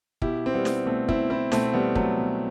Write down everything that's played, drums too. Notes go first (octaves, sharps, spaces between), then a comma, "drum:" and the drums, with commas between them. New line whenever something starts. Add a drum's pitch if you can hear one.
B2 E4 G4, drum: kick
C4
G3 B3
drum: snare
B2 A3 C4
C4 E4, drum: kick
C4 E4
B2 A3 C4, drum: snare
G3 B3
F#3 A3, drum: kick
B2